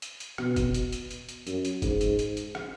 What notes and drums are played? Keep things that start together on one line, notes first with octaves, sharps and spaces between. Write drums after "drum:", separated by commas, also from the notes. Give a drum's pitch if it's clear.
drum: hi-hat
drum: hi-hat
B2, drum: rim click
drum: kick, hi-hat
drum: hi-hat
drum: hi-hat
drum: hi-hat
drum: hi-hat
F#2, drum: hi-hat
drum: hi-hat
G#2, drum: kick, hi-hat
drum: hi-hat
drum: hi-hat
drum: hi-hat
drum: rim click